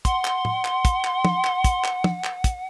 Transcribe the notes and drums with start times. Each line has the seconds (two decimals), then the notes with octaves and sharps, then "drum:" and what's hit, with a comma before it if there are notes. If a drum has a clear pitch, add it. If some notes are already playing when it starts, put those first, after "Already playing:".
0.05 F#5 C6, drum: kick, hi-hat
0.25 drum: clap
0.45 drum: tom
0.65 drum: clap
0.85 drum: kick, hi-hat
1.05 drum: clap
1.25 drum: tom
1.45 drum: clap
1.64 drum: kick, hi-hat
1.84 drum: clap
2.04 drum: tom
2.24 drum: clap
2.44 drum: kick, hi-hat